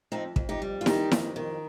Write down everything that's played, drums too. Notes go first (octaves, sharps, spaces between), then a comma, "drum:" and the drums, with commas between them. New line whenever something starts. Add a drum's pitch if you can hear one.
F2 C4 D#4
F2, drum: kick
D#4 G4
G3
F4
D#3 D#4 G4, drum: snare E4
F2, drum: snare E4
D#3